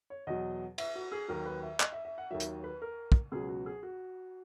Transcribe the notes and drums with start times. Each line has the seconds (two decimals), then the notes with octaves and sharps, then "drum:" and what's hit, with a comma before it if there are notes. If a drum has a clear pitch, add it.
0.10 C#5
0.27 E2 B2 F#3 D#5
0.78 E5, drum: cymbal
0.96 F#4
1.12 G#4
1.28 D#2 D#3 F#3 A#4
1.46 B4
1.63 E5
1.80 D#5, drum: clap
1.93 E5
2.05 E5
2.18 F#5
2.31 D#2 D#3 F#3 E5
2.40 drum: hi-hat
2.64 B4
2.82 A#4
3.12 drum: kick
3.32 C#2 B2 F#3 G#4
3.49 F#4
3.66 G#4
3.83 F#4